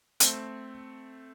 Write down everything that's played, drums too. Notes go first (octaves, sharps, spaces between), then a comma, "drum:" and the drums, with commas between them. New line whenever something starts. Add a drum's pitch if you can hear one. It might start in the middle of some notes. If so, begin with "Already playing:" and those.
A3 C4, drum: hi-hat